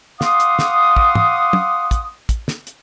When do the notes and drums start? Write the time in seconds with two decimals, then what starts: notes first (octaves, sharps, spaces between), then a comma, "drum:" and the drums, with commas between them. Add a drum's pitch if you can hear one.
0.21 F5 F#5 C6 D6 D#6, drum: snare
0.40 drum: hi-hat
0.59 drum: snare
0.97 drum: kick
1.15 drum: tom
1.53 drum: tom
1.91 drum: kick, hi-hat
2.29 drum: kick, hi-hat
2.48 drum: snare
2.67 drum: hi-hat